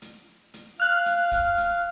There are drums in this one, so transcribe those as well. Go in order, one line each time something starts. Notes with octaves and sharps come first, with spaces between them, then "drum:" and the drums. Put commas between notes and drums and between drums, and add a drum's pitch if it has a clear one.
drum: hi-hat
drum: hi-hat
F5 F6 F#6
drum: hi-hat
drum: kick, hi-hat
drum: hi-hat